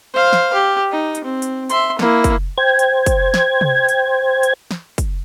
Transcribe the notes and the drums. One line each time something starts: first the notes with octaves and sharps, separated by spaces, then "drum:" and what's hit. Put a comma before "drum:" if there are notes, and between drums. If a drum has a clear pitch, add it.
C5 F5
drum: snare
G4
D#4
drum: hi-hat
C4
drum: hi-hat
E5 C6, drum: hi-hat
A#3 E4, drum: snare
drum: kick, hi-hat
C5 G5 G#6
drum: hi-hat
drum: kick, hi-hat
drum: snare
drum: tom C3
drum: hi-hat
drum: hi-hat
drum: snare
drum: kick, hi-hat